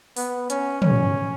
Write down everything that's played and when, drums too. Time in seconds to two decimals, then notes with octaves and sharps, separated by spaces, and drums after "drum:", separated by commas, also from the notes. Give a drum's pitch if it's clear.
0.17 B3, drum: open hi-hat
0.50 C#4, drum: hi-hat
0.82 C#4, drum: tom